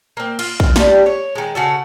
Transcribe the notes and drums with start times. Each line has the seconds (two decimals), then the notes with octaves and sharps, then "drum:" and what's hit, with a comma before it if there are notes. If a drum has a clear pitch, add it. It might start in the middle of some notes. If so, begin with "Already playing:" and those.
0.17 A#3 C4
0.39 F4, drum: cymbal
0.60 drum: kick
0.76 G3 D4 G4, drum: snare
1.06 C#5
1.35 D#3 G#3
1.55 C#3 F#4 A4